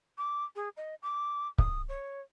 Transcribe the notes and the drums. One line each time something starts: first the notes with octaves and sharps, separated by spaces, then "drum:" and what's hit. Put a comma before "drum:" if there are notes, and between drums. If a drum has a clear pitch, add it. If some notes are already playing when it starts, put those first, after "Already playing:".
D6
G#4
D#5
D6
D#6, drum: kick C#1
C#5